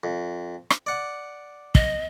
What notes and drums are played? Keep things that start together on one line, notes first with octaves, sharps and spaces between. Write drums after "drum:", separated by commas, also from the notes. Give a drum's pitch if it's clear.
F2
drum: rim click
D5 F#5
D#5, drum: kick